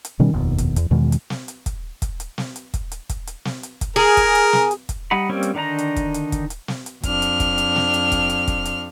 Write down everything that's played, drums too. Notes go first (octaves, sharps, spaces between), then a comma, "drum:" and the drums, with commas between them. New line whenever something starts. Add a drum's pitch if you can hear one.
drum: hi-hat
B2 D#3 G3 C#4
F1 D#2 B2
drum: kick, hi-hat
E2, drum: hi-hat
E2 B2 D#3 G#3
drum: hi-hat
drum: snare
drum: hi-hat
drum: kick, hi-hat
drum: kick, hi-hat
drum: hi-hat
drum: snare
drum: hi-hat
drum: kick, hi-hat
drum: hi-hat
drum: kick, hi-hat
drum: hi-hat
drum: snare
drum: hi-hat
drum: kick, hi-hat
G#4 A#4
drum: kick, hi-hat
drum: hi-hat
drum: snare
drum: hi-hat
drum: kick, hi-hat
G3 D#4 F#5 B5
G3 A#3 C4 C#4
drum: hi-hat
D3 D#3 D4 D#4 A#5
drum: hi-hat
drum: kick, hi-hat
drum: hi-hat
drum: kick, hi-hat
drum: hi-hat
drum: snare
drum: hi-hat
F2 D4 F6, drum: kick, hi-hat
drum: hi-hat
drum: kick, hi-hat
drum: hi-hat
drum: snare
drum: hi-hat
drum: kick, hi-hat
drum: hi-hat
drum: kick, hi-hat
drum: hi-hat